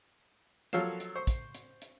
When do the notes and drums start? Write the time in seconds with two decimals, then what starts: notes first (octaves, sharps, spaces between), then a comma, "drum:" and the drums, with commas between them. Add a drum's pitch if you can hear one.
0.73 F3 F#3 A4 C#5 F5, drum: rim click
1.00 drum: hi-hat
1.15 C5 C#6
1.27 drum: kick, hi-hat
1.55 drum: hi-hat
1.82 drum: hi-hat